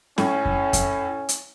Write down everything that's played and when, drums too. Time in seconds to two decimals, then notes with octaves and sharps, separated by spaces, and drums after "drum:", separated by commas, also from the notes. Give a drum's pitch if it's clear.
0.18 A2 C#4, drum: snare
0.45 drum: kick F2
0.73 drum: kick F2, hi-hat
1.29 drum: hi-hat